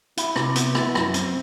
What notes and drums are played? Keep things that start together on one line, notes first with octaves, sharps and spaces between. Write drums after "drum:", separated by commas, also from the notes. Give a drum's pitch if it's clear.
E4, drum: hi-hat
C3, drum: rim click
B3, drum: hi-hat
E4, drum: rim click
F#2, drum: rim click
C4, drum: hi-hat